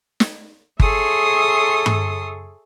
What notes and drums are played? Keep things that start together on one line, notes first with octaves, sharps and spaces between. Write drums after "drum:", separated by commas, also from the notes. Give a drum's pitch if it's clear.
drum: snare
G#4 A4 C#5 E5 C6 D#6, drum: kick G1
drum: tom G2